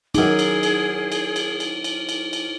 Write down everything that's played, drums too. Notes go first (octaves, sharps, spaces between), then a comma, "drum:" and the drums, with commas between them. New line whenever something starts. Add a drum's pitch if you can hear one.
F#2 D#4 G#4 D6, drum: cymbal
drum: cymbal
drum: cymbal
drum: cymbal
drum: cymbal
drum: cymbal
drum: cymbal
drum: cymbal
drum: cymbal